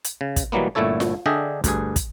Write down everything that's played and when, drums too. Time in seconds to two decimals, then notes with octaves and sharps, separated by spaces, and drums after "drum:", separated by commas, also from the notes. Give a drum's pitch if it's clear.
0.04 drum: hi-hat
0.21 C#3
0.36 drum: kick, hi-hat
0.52 B2 E3 F#3 G3 A#3 B3
0.75 G1 A#2 A3 E4 A4 C#5
1.00 drum: snare F4
1.26 D3 D4 G#4 D#5 E5 G5
1.64 D2 G2 G#4, drum: kick, hi-hat
1.96 drum: kick, hi-hat